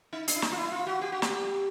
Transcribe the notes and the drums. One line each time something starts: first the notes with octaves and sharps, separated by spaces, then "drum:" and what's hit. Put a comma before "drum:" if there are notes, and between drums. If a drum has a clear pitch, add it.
D#4
D4, drum: hi-hat
E4
D#4, drum: snare
F4
E4
F4
F#4
G4
F#4
G4, drum: snare